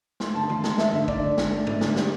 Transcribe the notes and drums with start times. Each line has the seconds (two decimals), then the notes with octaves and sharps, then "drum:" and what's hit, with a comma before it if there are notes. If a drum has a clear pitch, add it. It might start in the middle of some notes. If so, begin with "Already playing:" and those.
0.20 A3 C6, drum: snare
0.34 D3 A5
0.50 A3 C6, drum: tom D#3
0.64 A3, drum: snare
0.78 A3 E5, drum: snare
0.93 D3 E5
1.08 D3 D5, drum: kick
1.22 D3
1.38 A3, drum: snare
1.52 A3
1.67 A3, drum: tom G#2
1.81 D3, drum: snare
1.96 G3, drum: snare